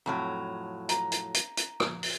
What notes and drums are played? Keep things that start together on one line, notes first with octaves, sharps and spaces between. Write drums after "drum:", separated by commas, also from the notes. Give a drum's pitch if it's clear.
F2 A2 F#3
A#5, drum: hi-hat
drum: hi-hat
drum: hi-hat
drum: hi-hat
drum: rim click
drum: open hi-hat